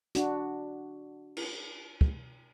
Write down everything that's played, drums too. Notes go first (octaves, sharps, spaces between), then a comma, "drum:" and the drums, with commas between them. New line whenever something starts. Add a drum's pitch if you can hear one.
D4 F#4, drum: hi-hat
drum: cymbal
drum: kick